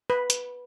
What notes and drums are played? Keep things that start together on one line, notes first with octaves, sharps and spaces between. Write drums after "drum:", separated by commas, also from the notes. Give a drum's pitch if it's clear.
B4
drum: hi-hat